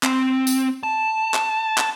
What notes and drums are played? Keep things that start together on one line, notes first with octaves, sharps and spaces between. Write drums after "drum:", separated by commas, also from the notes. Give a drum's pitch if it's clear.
C4, drum: clap
drum: tambourine
A5
drum: clap
drum: clap